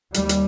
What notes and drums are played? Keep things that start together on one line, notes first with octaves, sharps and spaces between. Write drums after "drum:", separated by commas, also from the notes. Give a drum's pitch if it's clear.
D#2 G3, drum: hi-hat
drum: hi-hat